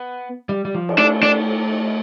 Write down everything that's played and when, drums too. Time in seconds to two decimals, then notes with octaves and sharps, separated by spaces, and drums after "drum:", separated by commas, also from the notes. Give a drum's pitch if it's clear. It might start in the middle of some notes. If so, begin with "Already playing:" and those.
Already playing: B3
0.49 G3
0.65 G3
0.75 F3
0.89 drum: cymbal
0.98 A3 D4
1.23 D4